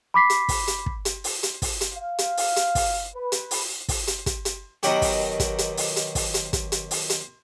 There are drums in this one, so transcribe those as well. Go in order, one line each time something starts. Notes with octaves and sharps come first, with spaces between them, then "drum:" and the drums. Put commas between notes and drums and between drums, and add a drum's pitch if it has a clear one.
B5 D6 B6 C7
drum: hi-hat
drum: kick, open hi-hat
drum: hi-hat
drum: kick
drum: hi-hat
drum: open hi-hat
drum: hi-hat
drum: kick, open hi-hat
drum: hi-hat
F5
drum: hi-hat
drum: open hi-hat
drum: hi-hat
drum: kick, open hi-hat
B4
drum: hi-hat
drum: open hi-hat
drum: kick, open hi-hat
drum: hi-hat
drum: kick, hi-hat
drum: hi-hat
B2 D#3 F#3 F#4 G4, drum: hi-hat
drum: kick, open hi-hat
drum: kick, hi-hat
drum: hi-hat
drum: open hi-hat
drum: hi-hat
drum: kick, open hi-hat
drum: hi-hat
drum: kick, hi-hat
drum: hi-hat
drum: open hi-hat
drum: hi-hat